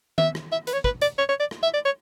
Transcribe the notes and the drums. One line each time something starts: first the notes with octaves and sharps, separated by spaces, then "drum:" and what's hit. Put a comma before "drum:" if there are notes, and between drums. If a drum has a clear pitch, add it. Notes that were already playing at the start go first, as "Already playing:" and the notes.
E5, drum: tom D#3
drum: rim click
E5
B4, drum: hi-hat
C#5
B4, drum: kick
D5, drum: hi-hat
C#5
C#5
D5
drum: rim click
E5
D5
C#5